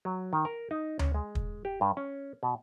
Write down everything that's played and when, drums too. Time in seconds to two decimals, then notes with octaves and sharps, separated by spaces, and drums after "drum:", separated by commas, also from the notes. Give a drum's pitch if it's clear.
0.05 F#3
0.33 D#3
0.45 A#4
0.71 D#4
0.99 C#4, drum: tom D2
1.14 G#3
1.35 drum: kick
1.65 G4
1.81 G2
1.97 C#4
2.43 B2